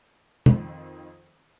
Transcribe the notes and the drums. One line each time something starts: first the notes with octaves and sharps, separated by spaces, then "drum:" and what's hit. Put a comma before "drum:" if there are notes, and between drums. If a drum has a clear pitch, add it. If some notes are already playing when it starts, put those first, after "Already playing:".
F2 D#3 C4, drum: tom